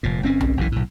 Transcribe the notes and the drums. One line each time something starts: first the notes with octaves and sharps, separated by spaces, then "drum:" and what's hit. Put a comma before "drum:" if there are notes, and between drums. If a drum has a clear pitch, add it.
F1 A#2
G1 C4 C#4
drum: tom B1
F#1 F#2 C#3 E3
B1 A2